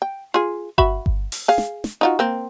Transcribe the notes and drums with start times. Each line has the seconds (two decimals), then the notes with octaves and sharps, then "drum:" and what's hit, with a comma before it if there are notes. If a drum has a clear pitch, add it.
0.02 G5
0.34 F4 G#4
0.78 F#4 E5 B5, drum: kick G1
1.06 drum: kick G1
1.32 drum: open hi-hat
1.48 G#4 F5
1.58 drum: snare
1.84 drum: snare
2.01 D#4 F4 F#4
2.19 A#3 C4